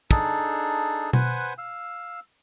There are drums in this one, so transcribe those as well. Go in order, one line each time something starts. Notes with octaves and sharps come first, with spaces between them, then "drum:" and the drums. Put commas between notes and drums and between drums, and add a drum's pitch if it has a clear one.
D4 D#4 G#4 A4, drum: kick
B4 C5 F#5 G#5, drum: tom B2
F5 E6